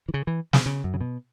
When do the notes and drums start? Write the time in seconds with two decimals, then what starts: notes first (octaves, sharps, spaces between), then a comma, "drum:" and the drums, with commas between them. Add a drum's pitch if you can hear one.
0.09 E3
0.14 C#3
0.27 E3
0.53 C#3, drum: snare
0.66 C#3
0.84 F#2
0.94 C#3
1.01 B2